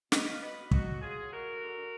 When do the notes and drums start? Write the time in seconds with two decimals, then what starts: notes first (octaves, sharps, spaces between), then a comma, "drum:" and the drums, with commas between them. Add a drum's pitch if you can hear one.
0.12 B2 B4 D#5, drum: snare
0.27 B2 F5
0.42 B2 B4 D#5
0.57 B2
0.71 B2 D#4 F#4, drum: kick
0.87 F#3
1.02 F#3 F4 G#4
1.17 F#3
1.31 G#3 F#4 A#4
1.46 D3
1.61 D3
1.77 D3